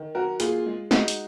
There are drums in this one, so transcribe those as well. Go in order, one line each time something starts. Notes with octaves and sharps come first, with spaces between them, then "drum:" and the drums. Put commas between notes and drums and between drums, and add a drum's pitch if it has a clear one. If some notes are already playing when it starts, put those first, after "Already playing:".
Already playing: D#3
F#3 F#4 A#4
A#2 F4 G#4, drum: hi-hat
G#3
G#3 D#4 F#4, drum: snare
drum: hi-hat